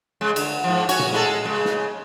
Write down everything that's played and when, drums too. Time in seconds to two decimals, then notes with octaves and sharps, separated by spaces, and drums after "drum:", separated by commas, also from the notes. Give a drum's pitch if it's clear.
0.21 C#3 G#3
0.36 D3, drum: cymbal
0.64 G#2 F3
0.89 C#4 F#4 C#5, drum: cymbal
0.99 drum: tom A#2
1.12 G#3 E4 A4, drum: snare
1.45 C#3 G#3
1.65 drum: snare